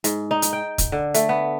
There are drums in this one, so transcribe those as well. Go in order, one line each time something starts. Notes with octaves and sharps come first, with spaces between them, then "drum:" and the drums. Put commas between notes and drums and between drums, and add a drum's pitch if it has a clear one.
G#2, drum: hi-hat
D#4
drum: hi-hat
G5
drum: kick, hi-hat
D3
A3, drum: hi-hat
B3